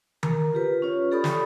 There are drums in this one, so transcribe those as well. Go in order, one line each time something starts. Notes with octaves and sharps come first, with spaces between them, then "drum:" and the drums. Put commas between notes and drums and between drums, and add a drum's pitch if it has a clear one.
A#4 A#5, drum: tom D#3
F4 G4 B4
C#4 F4 C#5
G4 A4 D5 B5 C#6 D#6
drum: snare